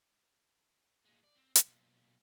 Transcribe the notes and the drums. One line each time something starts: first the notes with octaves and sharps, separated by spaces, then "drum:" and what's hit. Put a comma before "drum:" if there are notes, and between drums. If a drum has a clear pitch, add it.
A#2 G#3
D5
C4
B1 A#2, drum: hi-hat